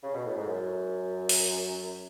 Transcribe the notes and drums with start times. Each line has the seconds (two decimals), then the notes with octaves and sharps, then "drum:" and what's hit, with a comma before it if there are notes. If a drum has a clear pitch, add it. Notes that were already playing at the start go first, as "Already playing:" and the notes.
0.03 C#3
0.14 B2
0.26 A2
0.36 G#2
0.47 F#2
1.29 drum: open hi-hat